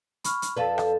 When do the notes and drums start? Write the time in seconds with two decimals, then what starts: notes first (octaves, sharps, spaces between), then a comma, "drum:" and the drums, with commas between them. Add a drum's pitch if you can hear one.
0.24 B5 C#6 F6, drum: hi-hat
0.42 drum: hi-hat
0.56 F2 A4 B4 D5 F5 A5
0.78 drum: rim click